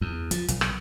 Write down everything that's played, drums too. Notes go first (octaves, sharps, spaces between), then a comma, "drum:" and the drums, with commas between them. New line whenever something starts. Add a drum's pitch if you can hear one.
E2
F3, drum: hi-hat
B1, drum: hi-hat
drum: rim click